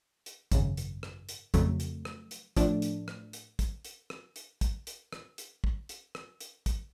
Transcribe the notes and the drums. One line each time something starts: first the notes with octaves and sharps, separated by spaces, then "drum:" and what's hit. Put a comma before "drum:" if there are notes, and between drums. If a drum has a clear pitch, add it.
drum: hi-hat
G#1 F#2 C#3, drum: kick, hi-hat
drum: hi-hat
drum: rim click
drum: hi-hat
F2 C#3 F#3 A3, drum: kick, hi-hat
drum: hi-hat
drum: rim click
drum: hi-hat
A2 F3 A3 D4, drum: kick, hi-hat
drum: hi-hat
drum: rim click
drum: hi-hat
drum: kick, hi-hat
drum: hi-hat
drum: rim click
drum: hi-hat
drum: kick, hi-hat
drum: hi-hat
drum: rim click
drum: hi-hat
drum: kick
drum: hi-hat
drum: rim click
drum: hi-hat
drum: kick, hi-hat